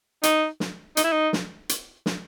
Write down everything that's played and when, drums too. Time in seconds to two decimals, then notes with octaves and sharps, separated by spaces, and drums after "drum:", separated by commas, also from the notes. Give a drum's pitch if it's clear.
0.23 D#4, drum: hi-hat
0.60 drum: snare
0.97 D#4, drum: hi-hat
1.04 E4
1.12 D#4
1.33 drum: snare
1.69 drum: hi-hat
2.06 drum: snare